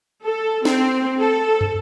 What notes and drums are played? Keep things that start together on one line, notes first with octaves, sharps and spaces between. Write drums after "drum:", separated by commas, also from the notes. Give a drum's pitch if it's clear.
A4
C4, drum: snare
A4
drum: tom